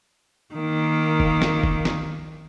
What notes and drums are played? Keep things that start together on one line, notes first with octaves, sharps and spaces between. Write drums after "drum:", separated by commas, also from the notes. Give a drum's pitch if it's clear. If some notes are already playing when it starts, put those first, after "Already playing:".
D#3 A#3
drum: kick
drum: snare
drum: kick
drum: snare